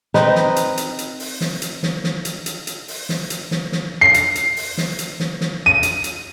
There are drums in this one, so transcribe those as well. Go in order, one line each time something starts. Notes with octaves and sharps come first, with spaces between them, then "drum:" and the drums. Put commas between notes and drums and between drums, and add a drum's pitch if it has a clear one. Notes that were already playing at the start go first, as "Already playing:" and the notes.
C4 D#4 B4 D#5, drum: snare
drum: snare
drum: hi-hat
drum: hi-hat
drum: hi-hat
drum: open hi-hat
drum: snare
drum: hi-hat
drum: snare
drum: snare
drum: hi-hat
drum: hi-hat
drum: hi-hat
drum: open hi-hat
drum: snare
drum: hi-hat
drum: snare
drum: snare
C7
drum: hi-hat
drum: hi-hat
drum: open hi-hat
drum: snare
drum: hi-hat
drum: snare
drum: snare
D#7
drum: hi-hat
drum: hi-hat